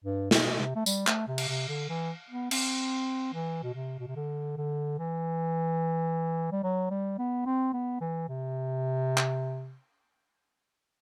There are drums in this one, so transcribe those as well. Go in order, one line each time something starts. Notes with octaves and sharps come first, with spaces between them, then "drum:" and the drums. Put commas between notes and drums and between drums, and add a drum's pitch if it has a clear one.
G2
B2, drum: snare
C3
A3
G3, drum: tambourine
A3, drum: clap
C3
drum: cymbal
C3
D3
E3
B3
C4, drum: cymbal
E3
B2
C3
B2
C3
D3
D3
E3
G3
F#3
G3
B3
C4
B3
E3
C3
drum: clap